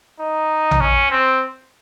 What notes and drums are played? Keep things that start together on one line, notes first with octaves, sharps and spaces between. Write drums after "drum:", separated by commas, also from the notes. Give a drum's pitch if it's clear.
D#4
drum: tom A#1
C#4
C4